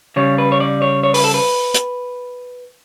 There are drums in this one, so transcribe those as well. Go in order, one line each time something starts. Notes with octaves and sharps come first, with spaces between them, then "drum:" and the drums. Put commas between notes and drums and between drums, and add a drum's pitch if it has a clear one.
C#3 G3 C#5
B4
C#5
D5
C#5
C#5
B4, drum: open hi-hat
A4
B4
drum: hi-hat